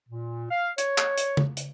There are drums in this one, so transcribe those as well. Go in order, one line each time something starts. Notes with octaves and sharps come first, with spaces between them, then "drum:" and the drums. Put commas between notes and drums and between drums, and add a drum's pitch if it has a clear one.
A#2
F5
C#5, drum: hi-hat
drum: clap
drum: hi-hat
drum: tom C#3
drum: hi-hat